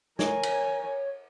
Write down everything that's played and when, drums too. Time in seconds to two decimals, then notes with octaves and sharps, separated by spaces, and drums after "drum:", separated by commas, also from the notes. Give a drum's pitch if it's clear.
0.19 A#4 C#5 G#5, drum: snare
0.43 drum: cymbal